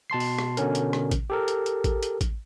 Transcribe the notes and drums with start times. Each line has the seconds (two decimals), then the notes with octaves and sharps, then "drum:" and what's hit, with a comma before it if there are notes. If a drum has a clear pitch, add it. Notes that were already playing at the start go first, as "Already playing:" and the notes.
0.10 B2 A5 C6 C7
0.20 drum: open hi-hat
0.39 drum: rim click
0.57 B2 D3 C#4 A#4, drum: hi-hat
0.75 drum: hi-hat
0.93 drum: rim click
1.11 drum: kick A1, hi-hat
1.30 G4 A4 A#4
1.48 drum: hi-hat
1.66 drum: hi-hat
1.84 drum: kick A1, hi-hat
2.03 drum: hi-hat
2.21 drum: kick A1, hi-hat